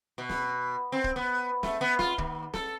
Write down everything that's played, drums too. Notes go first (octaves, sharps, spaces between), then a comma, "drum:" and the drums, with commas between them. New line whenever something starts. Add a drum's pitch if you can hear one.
B2
drum: snare
C4
drum: kick
B3
A3, drum: snare
B3
F4, drum: snare
D#2, drum: kick
A4, drum: snare